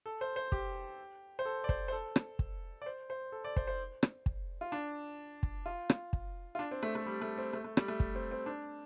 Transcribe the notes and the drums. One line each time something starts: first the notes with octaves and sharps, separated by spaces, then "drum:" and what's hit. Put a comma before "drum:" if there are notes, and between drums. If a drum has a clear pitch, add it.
A4
C5
C5
G4, drum: kick
C5
A4
D5
C5, drum: kick
C5
A4
drum: rim click
drum: kick
D5
C5
C5
A4
D5
C5, drum: kick
C5
drum: rim click
drum: kick
F4
D4
drum: kick
F4
drum: rim click
drum: kick
F4
D4
C4
A3
A3
G3
A3
C4
A3
A3
G3, drum: rim click
A3
drum: kick
C4
C4
D4